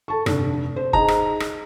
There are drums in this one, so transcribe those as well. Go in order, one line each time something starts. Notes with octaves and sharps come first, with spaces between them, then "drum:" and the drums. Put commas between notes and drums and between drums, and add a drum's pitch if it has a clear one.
A4 A5 C#6
F1 D3, drum: rim click
C5
D#4 G#4 D#5 A#5, drum: kick F#1
drum: rim click
drum: rim click